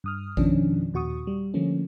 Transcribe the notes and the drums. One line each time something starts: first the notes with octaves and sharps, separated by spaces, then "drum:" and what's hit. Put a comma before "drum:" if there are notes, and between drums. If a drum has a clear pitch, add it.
G2 D#6 F6
F2 B2 D#3 F3 C#4 D4, drum: kick A1
D#2 A#2 F#4 C#6 D#6
G3
D3 F3 A3 A#3 C#4